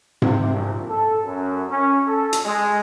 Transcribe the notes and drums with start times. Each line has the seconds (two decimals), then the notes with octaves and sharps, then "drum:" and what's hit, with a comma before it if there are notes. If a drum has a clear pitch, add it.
0.22 C3, drum: tom G#2
0.53 A#1
0.88 A4
1.24 F#2
1.69 C#4
2.07 A4
2.33 drum: hi-hat
2.45 G#3